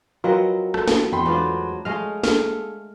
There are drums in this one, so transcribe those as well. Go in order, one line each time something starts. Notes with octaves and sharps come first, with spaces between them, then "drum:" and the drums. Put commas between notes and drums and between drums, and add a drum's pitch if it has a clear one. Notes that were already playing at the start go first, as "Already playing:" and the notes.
F#3 C4 F4 F#4 A#4 B4 D#5
A4, drum: rim click
drum: snare
E2 F#4 A4 G5 B5 C6
G#2 F#3 A3 D4 F4 B4
A2 G#3 A3 G#4 D#5 F5 F6
G#4 A4 F6, drum: snare